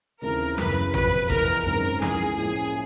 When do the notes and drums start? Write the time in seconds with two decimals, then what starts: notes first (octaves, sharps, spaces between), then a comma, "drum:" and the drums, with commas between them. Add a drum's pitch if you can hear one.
0.22 D#2 C#3 E3 A3 C4 A#4
0.58 F#1 F#2 C#3 E3 B4, drum: snare
0.94 F2 C3 F3 B4, drum: tom A1
1.30 F1 E2 B2 A#4, drum: kick A1
1.66 G#1 F#2 D#3 G#3 C4 A#4
2.02 C#2 C#3 E3 G#4, drum: snare
2.37 A2 F3 A#3 C#4 E4 G#4